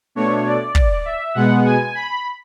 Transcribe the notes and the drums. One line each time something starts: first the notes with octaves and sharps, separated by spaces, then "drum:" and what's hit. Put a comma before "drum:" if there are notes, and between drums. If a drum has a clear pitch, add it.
B2 A3 D4 C#5
D5
drum: kick
E5
B2 G#3 B3 F#5
G#5
B5